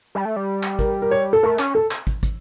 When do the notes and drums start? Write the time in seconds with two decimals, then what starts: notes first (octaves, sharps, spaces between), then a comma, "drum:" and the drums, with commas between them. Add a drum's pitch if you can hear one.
0.15 G3
0.25 A3
0.36 G3
0.63 drum: clap
0.79 A#4, drum: kick
1.02 A#4
1.11 C#5
1.33 A4
1.43 A3 A#4
1.59 C#4, drum: clap
1.75 A4
1.91 drum: clap
2.07 drum: kick
2.23 drum: kick, hi-hat